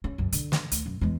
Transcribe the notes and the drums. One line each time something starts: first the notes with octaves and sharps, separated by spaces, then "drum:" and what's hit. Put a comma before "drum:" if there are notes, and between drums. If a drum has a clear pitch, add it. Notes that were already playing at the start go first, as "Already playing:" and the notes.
C#4
C#2 F#2
D3, drum: hi-hat
drum: snare
D2, drum: hi-hat
F#2
E2 G#3